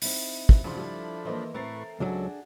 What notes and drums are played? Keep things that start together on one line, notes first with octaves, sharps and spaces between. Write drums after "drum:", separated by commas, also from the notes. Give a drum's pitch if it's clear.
C4 D#4 E4, drum: open hi-hat
drum: kick
A1 C#3 F3 C4 D4 B5 C6
G3 E4 A4
E3 A#3 A4 C5 D#5
A2 A3 C4 A#4 B4 C#6 A6 C7
C#2 F#3 D4 F#4 G#4 A4